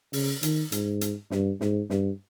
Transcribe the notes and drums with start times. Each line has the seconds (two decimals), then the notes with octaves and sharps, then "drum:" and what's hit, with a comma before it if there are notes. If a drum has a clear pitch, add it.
0.13 C#3, drum: open hi-hat
0.43 D#3, drum: hi-hat
0.72 G#2, drum: hi-hat
1.01 drum: hi-hat
1.31 G2, drum: snare
1.61 G#2, drum: snare
1.90 G2, drum: snare